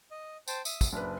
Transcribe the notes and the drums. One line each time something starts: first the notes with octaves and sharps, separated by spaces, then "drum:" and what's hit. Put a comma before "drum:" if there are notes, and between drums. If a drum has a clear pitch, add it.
D#5
C5 G5 A5, drum: tambourine
E5 D#6, drum: tambourine
drum: kick, tambourine
F#1 D4 B4